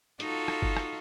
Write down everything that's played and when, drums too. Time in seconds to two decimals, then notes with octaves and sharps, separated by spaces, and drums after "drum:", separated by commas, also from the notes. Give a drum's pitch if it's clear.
0.20 D#4 F4 F#4 A4, drum: hi-hat
0.48 drum: rim click
0.62 drum: kick F#1
0.77 drum: rim click